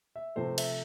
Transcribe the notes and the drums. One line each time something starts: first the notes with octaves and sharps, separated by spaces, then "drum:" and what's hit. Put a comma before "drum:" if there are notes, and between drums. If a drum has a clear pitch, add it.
E5
C3 F3 A3 C5
E5, drum: cymbal